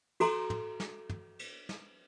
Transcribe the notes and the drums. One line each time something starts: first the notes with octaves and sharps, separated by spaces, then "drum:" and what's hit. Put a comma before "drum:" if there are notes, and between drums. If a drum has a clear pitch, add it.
F#4 A4 A#5 C6, drum: cymbal
drum: tom
drum: snare
drum: tom
drum: cymbal
drum: snare